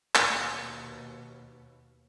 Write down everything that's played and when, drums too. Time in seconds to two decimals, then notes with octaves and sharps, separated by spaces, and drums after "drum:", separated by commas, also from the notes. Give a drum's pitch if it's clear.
0.15 D#2 B2, drum: clap